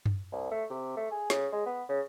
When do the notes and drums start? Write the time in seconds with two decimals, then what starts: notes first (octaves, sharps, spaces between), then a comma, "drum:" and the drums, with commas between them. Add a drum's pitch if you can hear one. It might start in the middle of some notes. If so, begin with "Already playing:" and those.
0.06 drum: tom F#2
0.32 C2
0.51 A3
0.70 C3
0.97 A3
1.11 G#4
1.30 C#3, drum: snare
1.52 G#3
1.66 B3
1.89 C#3